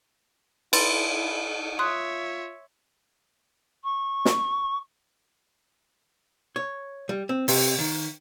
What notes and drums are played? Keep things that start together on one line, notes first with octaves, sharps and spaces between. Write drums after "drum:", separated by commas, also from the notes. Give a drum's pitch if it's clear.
E4 B4 B5 C6 A6, drum: cymbal
F4 C#5 E5 C6 D#6 F#6
C#6
drum: snare
C#5
G3
C4
C3, drum: open hi-hat
D#3